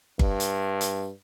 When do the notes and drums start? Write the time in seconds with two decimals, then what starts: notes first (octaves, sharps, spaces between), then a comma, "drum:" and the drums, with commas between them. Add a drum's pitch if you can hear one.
0.19 G2, drum: kick G1
0.40 drum: hi-hat
0.81 drum: hi-hat